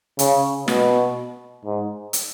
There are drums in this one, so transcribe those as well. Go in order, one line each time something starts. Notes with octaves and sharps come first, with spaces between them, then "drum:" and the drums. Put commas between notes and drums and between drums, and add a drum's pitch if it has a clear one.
C#3, drum: hi-hat
B2, drum: snare
G#2
drum: hi-hat